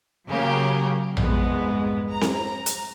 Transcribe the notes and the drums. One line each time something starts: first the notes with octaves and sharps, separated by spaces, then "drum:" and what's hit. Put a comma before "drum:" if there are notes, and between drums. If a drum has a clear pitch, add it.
C#3 F#3 A#3 G4 A#4
C2 F2 G#2 G#3 B3, drum: tom A#1
A#5
drum: snare C4
drum: hi-hat